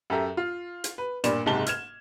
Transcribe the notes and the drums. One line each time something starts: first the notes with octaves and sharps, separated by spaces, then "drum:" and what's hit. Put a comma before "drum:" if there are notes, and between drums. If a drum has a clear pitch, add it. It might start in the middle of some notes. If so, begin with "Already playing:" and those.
F#2 G4 A4 E5 A#5
F4
drum: hi-hat
B4
G2 A#2 D5 B5 E7, drum: hi-hat
F#1 G#2 C3 G#3 A5 G7
F6 G#6 E7, drum: hi-hat